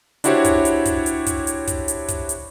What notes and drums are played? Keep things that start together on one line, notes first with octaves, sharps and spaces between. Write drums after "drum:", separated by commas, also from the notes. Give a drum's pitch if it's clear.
D4 E4 F#4 G4 C5 C#5, drum: hi-hat
drum: kick, hi-hat
drum: hi-hat
drum: kick, hi-hat
drum: hi-hat
drum: kick, hi-hat
drum: hi-hat
drum: kick, hi-hat
drum: hi-hat
drum: kick, hi-hat
drum: hi-hat